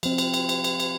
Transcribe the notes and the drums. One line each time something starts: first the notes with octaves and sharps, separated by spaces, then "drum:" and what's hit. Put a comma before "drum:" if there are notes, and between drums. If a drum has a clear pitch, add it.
F3 C4, drum: cymbal
drum: cymbal
drum: cymbal
drum: cymbal
drum: cymbal
drum: cymbal